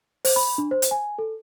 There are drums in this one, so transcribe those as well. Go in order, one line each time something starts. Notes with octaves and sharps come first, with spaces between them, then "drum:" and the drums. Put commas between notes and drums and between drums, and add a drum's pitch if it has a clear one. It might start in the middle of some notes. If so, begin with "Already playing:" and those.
C5, drum: open hi-hat
B5
D4
C5
drum: hi-hat
G#5
A4